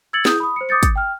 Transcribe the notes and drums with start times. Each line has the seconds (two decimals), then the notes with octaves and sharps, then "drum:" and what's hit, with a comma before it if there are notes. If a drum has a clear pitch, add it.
0.13 E6 G#6 A6 C#7 F#7
0.25 E4 G#4 D#6 G6, drum: snare
0.40 B5 D#6
0.56 C5 C#7
0.69 D6 D#6 G6 A6 C#7
0.83 drum: kick, hi-hat
0.96 G5 F6